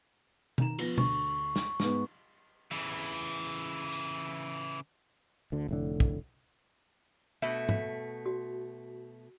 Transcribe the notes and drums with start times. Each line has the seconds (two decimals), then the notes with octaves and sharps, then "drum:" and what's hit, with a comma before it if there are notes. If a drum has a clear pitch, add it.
0.58 D#3 A#5 E7, drum: tom
0.79 F3 B3 A#6, drum: cymbal
0.98 D2 C#6, drum: tom
1.56 drum: snare
1.80 G#2 G#3 B3, drum: snare
2.71 C#3 E3, drum: open hi-hat
3.92 drum: tambourine
5.52 D2 D3
5.69 F1 A2 D3
6.00 drum: kick
7.42 B2 A3 E5
7.69 drum: tom G#2
8.26 F#4